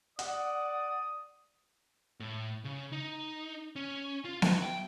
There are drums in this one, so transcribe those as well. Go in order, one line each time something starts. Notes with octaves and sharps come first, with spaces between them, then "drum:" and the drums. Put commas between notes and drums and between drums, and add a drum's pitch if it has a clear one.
D5 F#5 D#6, drum: hi-hat
A2
C#3
D#4
C#4
F4
F#3, drum: snare B3
G5